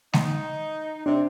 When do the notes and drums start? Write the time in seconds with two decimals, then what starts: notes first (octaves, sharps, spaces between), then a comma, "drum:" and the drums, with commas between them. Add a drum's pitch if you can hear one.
0.13 D#4, drum: snare G#3
1.06 C3 D4